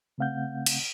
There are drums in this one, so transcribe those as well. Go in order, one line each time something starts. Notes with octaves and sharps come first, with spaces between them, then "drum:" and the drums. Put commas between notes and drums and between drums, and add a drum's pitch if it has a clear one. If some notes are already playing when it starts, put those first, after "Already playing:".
C#3 A3 C4 F5 F#5 G6
drum: cymbal